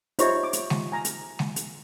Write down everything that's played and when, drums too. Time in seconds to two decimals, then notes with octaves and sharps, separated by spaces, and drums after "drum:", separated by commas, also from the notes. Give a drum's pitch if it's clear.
0.19 D#4 F4 G4 C5 C#5 E5, drum: hi-hat
0.44 D6
0.53 drum: hi-hat
0.70 drum: snare G#3
0.92 G#5 A#5
1.05 drum: hi-hat
1.39 drum: snare G#3
1.56 drum: hi-hat